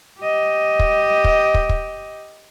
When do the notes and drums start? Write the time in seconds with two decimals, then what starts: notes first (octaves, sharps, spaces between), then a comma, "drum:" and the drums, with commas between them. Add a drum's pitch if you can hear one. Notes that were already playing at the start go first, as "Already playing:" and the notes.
0.19 G4 D#5
0.79 drum: kick
1.24 drum: kick
1.54 drum: kick
1.69 drum: kick